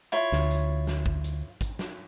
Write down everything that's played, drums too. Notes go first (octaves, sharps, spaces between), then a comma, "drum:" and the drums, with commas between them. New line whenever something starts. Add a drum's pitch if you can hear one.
E4 F4 C#5
D2, drum: snare
drum: hi-hat
drum: snare
drum: kick
drum: hi-hat
drum: kick, hi-hat
drum: snare